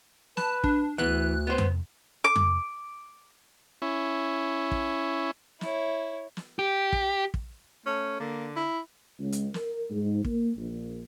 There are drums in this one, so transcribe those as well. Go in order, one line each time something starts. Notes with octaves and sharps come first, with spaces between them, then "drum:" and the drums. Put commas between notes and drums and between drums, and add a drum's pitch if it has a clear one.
B4 A5, drum: snare
D4, drum: kick
D2 E3 B3 F#6
B3 C5
drum: tom F2
D6
drum: tom F2
C#4 E4
drum: kick
E4 C#5, drum: snare
drum: snare
G4
drum: kick
drum: kick
A3 C#4
D3 A#3
E4
C#2
drum: hi-hat
A#4, drum: snare
G#2
A#3, drum: kick
A#1